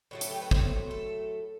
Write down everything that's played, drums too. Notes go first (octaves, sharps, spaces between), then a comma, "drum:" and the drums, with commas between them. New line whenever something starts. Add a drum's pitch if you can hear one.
A2 F#3 A3
A4, drum: hi-hat
G4
B4
C5, drum: kick
A4